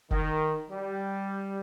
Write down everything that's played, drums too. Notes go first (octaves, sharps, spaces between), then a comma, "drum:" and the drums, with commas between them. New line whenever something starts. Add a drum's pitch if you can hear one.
D#3, drum: kick
G3